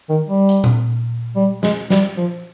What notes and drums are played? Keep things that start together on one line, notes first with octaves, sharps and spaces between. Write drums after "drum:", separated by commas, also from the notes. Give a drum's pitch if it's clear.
D#3
G3
drum: hi-hat
drum: tom A#2
G3
G#3, drum: snare
G3, drum: snare
F3